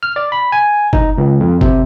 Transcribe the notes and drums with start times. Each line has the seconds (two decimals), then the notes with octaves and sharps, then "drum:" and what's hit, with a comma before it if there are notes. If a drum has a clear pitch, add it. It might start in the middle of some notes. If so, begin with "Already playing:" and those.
0.03 F6
0.16 D5
0.32 B5
0.52 G#5
0.93 D#4, drum: kick F#1
1.18 C#2
1.40 F2
1.61 C3, drum: kick F#1